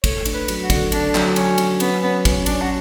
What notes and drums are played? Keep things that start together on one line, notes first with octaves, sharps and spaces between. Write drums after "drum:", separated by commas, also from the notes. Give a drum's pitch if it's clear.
A3 C#5, drum: kick, cymbal
D4, drum: cymbal
B4
F#3, drum: cymbal
F#4
D3, drum: kick, cymbal
D3 D4, drum: cymbal
F#3, drum: clap
F#3 C#4, drum: cymbal
F#3, drum: cymbal
B3 C#4, drum: cymbal
B3 C#4
C#4, drum: kick, cymbal
C#4 D4, drum: cymbal
F#4